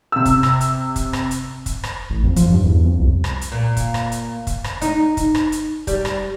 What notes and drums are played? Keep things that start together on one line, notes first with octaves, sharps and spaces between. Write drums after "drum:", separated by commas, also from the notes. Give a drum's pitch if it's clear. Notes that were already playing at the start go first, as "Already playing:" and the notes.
C3 E6
drum: kick, hi-hat
drum: rim click
drum: hi-hat
drum: kick, hi-hat
drum: rim click
drum: hi-hat
drum: kick, hi-hat
drum: rim click
A1
F2
F3, drum: kick, hi-hat
G2
E2
F2
C2
drum: rim click
drum: hi-hat
A#2
drum: kick, hi-hat
drum: rim click
drum: hi-hat
drum: kick, hi-hat
drum: rim click
D#4, drum: hi-hat
drum: kick, hi-hat
drum: rim click
drum: hi-hat
G3, drum: kick, hi-hat
drum: rim click